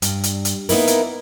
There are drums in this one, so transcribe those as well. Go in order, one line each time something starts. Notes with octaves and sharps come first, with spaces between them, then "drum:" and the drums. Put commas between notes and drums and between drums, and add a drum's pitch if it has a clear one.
G2, drum: hi-hat
drum: hi-hat
drum: hi-hat
A#3 B3 D#4 E4 A#4, drum: open hi-hat
drum: hi-hat